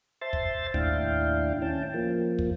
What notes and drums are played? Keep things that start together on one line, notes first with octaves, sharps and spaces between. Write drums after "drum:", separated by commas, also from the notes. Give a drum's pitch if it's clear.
C5 E5 A5 C6 A6
drum: kick
D#2 A2 D4 E4 F5 G5, drum: kick
C#4 G5 A5
F3 A#3
drum: kick